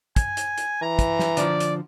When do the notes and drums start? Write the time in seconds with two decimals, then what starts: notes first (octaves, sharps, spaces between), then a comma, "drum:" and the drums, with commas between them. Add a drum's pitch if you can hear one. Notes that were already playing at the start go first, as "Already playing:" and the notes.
0.16 G#5, drum: kick, hi-hat
0.37 drum: hi-hat
0.58 drum: hi-hat
0.82 E3 A#5
0.99 drum: kick, hi-hat
1.19 drum: snare
1.37 D3 F3 D5, drum: hi-hat
1.60 drum: hi-hat